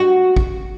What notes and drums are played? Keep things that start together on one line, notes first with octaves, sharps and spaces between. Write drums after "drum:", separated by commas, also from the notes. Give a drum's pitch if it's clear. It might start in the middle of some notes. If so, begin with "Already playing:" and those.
Already playing: F#4
drum: kick A1